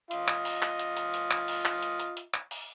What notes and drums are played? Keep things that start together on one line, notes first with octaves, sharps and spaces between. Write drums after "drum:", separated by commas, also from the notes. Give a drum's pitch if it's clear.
F4 D#5, drum: hi-hat
drum: clap
drum: open hi-hat
drum: clap
drum: hi-hat
drum: hi-hat
drum: hi-hat
drum: clap
drum: open hi-hat
drum: clap
drum: hi-hat
drum: hi-hat
drum: hi-hat
drum: clap
drum: open hi-hat